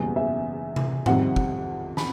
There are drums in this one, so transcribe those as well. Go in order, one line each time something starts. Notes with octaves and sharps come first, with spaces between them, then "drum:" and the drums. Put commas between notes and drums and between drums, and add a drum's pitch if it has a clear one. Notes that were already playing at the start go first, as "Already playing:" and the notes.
Already playing: F#1 E2 B2 G3 B3
E5
drum: tom C3
F2 C3 D#3 G3 C4 F#5, drum: tom G#2
drum: kick
B5, drum: snare